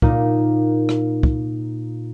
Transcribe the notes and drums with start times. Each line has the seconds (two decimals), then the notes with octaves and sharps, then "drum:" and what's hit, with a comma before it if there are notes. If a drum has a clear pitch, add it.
0.02 A#2 A#3 D#4, drum: kick
0.89 drum: rim click
1.23 drum: kick